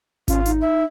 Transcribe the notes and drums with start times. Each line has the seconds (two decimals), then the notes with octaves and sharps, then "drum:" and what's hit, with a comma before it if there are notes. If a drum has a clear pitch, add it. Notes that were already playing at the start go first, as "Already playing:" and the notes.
0.28 C#4 F4, drum: kick G#1, hi-hat
0.46 D#4, drum: hi-hat
0.61 E5